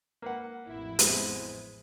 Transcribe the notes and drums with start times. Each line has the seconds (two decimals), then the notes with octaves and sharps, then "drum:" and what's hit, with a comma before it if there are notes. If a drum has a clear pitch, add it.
0.22 A#3 B4 F#5
0.65 A1 F2 E4
0.99 G#3 B3 C4, drum: hi-hat